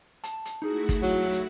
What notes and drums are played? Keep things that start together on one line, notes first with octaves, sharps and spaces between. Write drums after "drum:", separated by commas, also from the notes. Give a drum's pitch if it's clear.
A5, drum: hi-hat
drum: hi-hat
A3 D#4 E4 F#4 G#4
drum: kick, hi-hat
F#3
drum: hi-hat